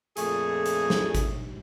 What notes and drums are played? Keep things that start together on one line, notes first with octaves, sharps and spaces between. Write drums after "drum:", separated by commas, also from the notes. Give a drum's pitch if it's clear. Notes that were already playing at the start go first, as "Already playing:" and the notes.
F2 A#2 A3 G#4, drum: hi-hat
drum: hi-hat
drum: snare
drum: kick G#1, hi-hat